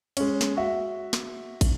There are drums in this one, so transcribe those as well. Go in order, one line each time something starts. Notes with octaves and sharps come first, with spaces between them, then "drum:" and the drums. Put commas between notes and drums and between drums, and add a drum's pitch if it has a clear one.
G#3 C#4, drum: cymbal
drum: snare
F#4 E5
drum: snare
drum: kick, cymbal